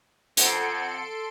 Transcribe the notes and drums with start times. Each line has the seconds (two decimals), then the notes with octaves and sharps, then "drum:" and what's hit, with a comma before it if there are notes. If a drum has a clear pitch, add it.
0.37 F2 A4 F#5 C6 D7, drum: hi-hat